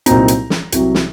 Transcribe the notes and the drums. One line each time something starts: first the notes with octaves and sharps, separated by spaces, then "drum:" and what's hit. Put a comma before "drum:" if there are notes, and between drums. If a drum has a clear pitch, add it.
C2 A#2 F#3 C4 D#4 A#5, drum: hi-hat
drum: hi-hat
drum: snare
C2 C3 F#3, drum: hi-hat
drum: snare